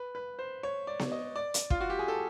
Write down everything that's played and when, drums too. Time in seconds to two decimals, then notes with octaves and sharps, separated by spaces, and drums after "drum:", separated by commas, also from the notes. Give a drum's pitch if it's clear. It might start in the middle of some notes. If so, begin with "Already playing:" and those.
Already playing: B4
0.15 B4
0.39 C5
0.63 C#5
0.87 D5
0.99 drum: snare B3
1.11 D#5
1.36 D5
1.54 drum: hi-hat
1.70 F4, drum: kick
1.81 F#4
1.90 G4
1.99 G#4
2.08 A4